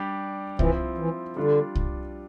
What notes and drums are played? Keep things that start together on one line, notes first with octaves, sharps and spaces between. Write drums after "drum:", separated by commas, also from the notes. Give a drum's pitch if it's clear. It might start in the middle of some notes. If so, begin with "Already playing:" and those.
Already playing: G3 D4 G4
E3 F3 C4 E4, drum: kick C2
E3
D3 G3 D4 F4
drum: kick C2